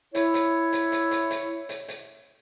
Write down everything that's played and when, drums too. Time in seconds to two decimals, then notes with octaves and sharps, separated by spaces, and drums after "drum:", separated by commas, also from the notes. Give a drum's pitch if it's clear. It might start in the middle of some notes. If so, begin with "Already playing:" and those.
0.15 E4 C#5, drum: hi-hat
0.34 drum: hi-hat
0.73 drum: hi-hat
0.92 drum: hi-hat
1.11 drum: hi-hat
1.31 drum: hi-hat
1.69 drum: hi-hat
1.88 drum: hi-hat